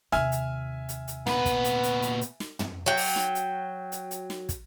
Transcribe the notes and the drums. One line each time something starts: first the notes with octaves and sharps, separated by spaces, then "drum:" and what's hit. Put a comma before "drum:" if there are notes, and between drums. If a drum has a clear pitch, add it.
D#2 C3 E5 G#5 F6, drum: snare
drum: hi-hat
drum: hi-hat
drum: hi-hat
A#2 B3 B4, drum: snare
drum: kick, hi-hat
drum: hi-hat
drum: hi-hat
drum: hi-hat
drum: hi-hat
drum: snare
drum: tom
F#3 G5
drum: open hi-hat
drum: snare
drum: hi-hat
drum: hi-hat
drum: hi-hat
drum: snare
drum: kick, hi-hat